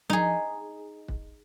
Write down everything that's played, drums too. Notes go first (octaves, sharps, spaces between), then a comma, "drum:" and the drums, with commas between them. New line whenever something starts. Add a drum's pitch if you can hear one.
D#4 G#4, drum: tom F3
drum: kick